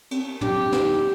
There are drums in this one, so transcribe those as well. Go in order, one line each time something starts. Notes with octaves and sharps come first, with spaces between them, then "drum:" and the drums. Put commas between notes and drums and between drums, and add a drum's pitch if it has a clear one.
C4, drum: cymbal
D4 G4, drum: tom
D#4, drum: snare